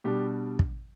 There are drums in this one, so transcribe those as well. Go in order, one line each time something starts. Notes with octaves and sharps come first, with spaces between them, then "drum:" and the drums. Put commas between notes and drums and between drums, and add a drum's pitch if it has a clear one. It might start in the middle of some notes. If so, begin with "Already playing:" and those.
B2 G3 D4 G4
drum: kick